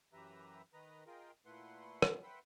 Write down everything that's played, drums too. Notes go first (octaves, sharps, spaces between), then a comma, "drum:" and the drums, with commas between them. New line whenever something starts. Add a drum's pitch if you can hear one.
F#2 E3 G4 B4 E5 A#5
D#3 B4 D#5 A#5
F4 G#4 A#4 D#5 G5
A#2 A3 E4 B4 F#5 C6
drum: rim click
B4 E5 F#5 G5 B5 C6